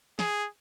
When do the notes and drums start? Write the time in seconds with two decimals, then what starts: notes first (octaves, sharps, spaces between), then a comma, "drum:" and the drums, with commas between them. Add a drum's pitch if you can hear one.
0.19 G#4, drum: snare